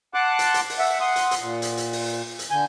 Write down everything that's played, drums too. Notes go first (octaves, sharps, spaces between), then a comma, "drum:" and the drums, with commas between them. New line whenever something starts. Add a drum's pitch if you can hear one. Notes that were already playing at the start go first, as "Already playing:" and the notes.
F#5 A5 C6 D6 F#6
drum: hi-hat
drum: hi-hat
drum: open hi-hat
E5 F#5
F#5 C6 D#6
drum: hi-hat
drum: hi-hat
A#2
drum: hi-hat
drum: hi-hat
drum: open hi-hat
drum: hi-hat
D3 G#5 G6